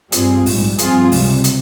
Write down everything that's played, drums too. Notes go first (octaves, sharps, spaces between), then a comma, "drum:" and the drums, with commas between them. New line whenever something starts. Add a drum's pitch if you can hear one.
G2 G3 C4 F4 G#4, drum: hi-hat
A#1 G#2 G3, drum: open hi-hat
G2 F3 C4 F4 G#4, drum: hi-hat
C#2 C3 G3, drum: open hi-hat
drum: hi-hat